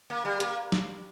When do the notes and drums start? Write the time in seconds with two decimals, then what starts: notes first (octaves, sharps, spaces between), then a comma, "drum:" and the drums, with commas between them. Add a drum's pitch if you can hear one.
0.10 A#3
0.25 G3
0.40 A#3, drum: hi-hat
0.72 drum: snare